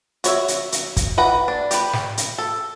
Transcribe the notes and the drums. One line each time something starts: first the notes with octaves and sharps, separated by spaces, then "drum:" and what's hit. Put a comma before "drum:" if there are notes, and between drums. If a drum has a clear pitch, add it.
F#4 C#5 E5, drum: hi-hat
drum: hi-hat
drum: hi-hat
drum: kick, hi-hat
E3 B4 F#5 A#5
D4
G4 B4, drum: hi-hat
drum: snare
drum: hi-hat
A4